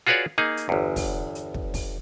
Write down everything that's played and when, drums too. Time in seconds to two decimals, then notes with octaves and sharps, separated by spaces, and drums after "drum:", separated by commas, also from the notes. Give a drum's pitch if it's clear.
0.07 F4 F#4 G#4 B4 C#5 D5
0.38 A#3 D#4 G#4
0.57 drum: hi-hat
0.69 G1 E2
0.96 drum: kick, open hi-hat
1.35 drum: hi-hat
1.54 drum: kick
1.74 drum: kick, open hi-hat